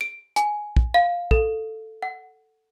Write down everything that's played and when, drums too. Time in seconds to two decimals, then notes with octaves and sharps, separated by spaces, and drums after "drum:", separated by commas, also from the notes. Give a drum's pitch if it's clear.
0.01 D7
0.36 G#5, drum: hi-hat
0.76 drum: kick
0.94 F5
1.31 A4, drum: kick
2.03 F#5